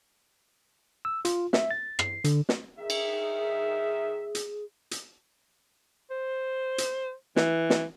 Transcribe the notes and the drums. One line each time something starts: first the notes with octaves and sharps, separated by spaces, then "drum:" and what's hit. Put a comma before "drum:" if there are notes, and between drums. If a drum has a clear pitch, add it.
E6
F4, drum: hi-hat
E5, drum: snare
A6
C7, drum: rim click
D3, drum: hi-hat
drum: snare
D#3 G#4 E5
drum: cymbal
drum: hi-hat
drum: hi-hat
C5
drum: hi-hat
E3, drum: snare
drum: snare